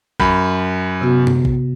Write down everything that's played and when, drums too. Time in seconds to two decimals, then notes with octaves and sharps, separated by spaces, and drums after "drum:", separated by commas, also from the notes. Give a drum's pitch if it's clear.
0.20 F#2 B5, drum: kick
1.01 C3 B3 F#4
1.27 drum: tom F#2
1.45 drum: kick